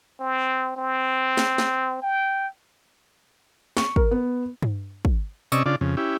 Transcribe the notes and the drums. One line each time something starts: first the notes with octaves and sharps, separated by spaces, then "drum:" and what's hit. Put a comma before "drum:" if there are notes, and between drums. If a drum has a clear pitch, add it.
C4
C4
drum: snare
drum: snare
G5
C#6, drum: snare
A#4, drum: kick
B3
drum: tom G2
drum: kick
C3 C#4 D5 D#5 C#6 E6, drum: tambourine
C#3 D4 F4 D5
F2 C#3
C#4 E4 G4